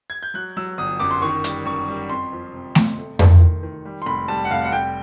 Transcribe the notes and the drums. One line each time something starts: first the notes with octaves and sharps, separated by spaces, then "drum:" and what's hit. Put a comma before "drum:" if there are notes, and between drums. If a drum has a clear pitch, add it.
G#6
G6
F#3 F#6
F#3 E6
G1 D#6
F#2 D6
C6
D#3 C#6
G3, drum: hi-hat
F#2 C#6
G3
F2 C6
F3
C3
C3, drum: snare A3
A3
D#3, drum: tom F2
D#3
D#3
G3
C6
F1 B5
G3 A5
F#5
F1 F5
F#5
F1 G5